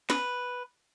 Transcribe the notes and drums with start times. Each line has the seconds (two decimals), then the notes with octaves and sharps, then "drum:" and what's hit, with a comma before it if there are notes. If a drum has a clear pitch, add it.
0.10 B4, drum: snare